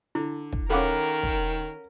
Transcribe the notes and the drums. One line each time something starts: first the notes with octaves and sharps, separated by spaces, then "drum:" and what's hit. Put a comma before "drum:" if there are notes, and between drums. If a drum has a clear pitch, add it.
D3 E4
drum: kick
D#3 C#4 A4 A#4 F5 F#5 B5 D6
drum: kick